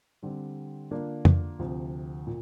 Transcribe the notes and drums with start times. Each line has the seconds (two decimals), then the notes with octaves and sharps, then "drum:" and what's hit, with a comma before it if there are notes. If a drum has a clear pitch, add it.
0.23 D3 G3 C4
0.91 D3 A#3 D4 F4
1.25 drum: tom F2
1.59 D2 C3 F3
2.27 A#2